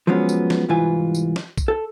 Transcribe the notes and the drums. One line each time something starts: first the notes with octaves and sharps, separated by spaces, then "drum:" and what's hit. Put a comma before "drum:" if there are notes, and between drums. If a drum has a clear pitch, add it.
F3 F#3 G#3 B3 C#4
drum: tambourine
drum: snare
C2 G#2 E3 F4 B4 G#5
drum: tambourine
drum: snare
drum: kick B1, tambourine
A4